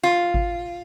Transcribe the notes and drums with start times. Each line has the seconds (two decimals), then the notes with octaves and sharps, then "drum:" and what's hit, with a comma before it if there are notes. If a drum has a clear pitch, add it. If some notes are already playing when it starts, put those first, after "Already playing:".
0.03 F4, drum: rim click
0.34 drum: kick G#1